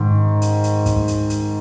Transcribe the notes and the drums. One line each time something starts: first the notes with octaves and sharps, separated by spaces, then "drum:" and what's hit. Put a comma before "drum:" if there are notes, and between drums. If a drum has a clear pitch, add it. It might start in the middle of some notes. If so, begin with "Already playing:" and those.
Already playing: G#2 D#3
drum: hi-hat
drum: hi-hat
drum: kick, hi-hat
drum: hi-hat
drum: hi-hat